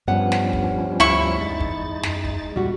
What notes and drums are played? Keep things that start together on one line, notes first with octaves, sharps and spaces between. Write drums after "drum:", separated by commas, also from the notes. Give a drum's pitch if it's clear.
G2 F3 G3 B3 C#4 F#5
drum: snare
drum: kick
D2 E4 C#6
E2 G#3 D#4 A6
drum: kick
F#2, drum: snare
drum: kick
E2 A#2 G3 F#4